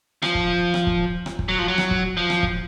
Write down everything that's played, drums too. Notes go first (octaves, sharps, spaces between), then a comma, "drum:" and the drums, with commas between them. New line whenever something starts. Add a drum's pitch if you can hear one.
F3, drum: rim click
drum: kick
drum: rim click
drum: kick
drum: rim click
drum: kick
F#3
F3
F#3
drum: rim click
drum: kick
F3
drum: rim click
drum: kick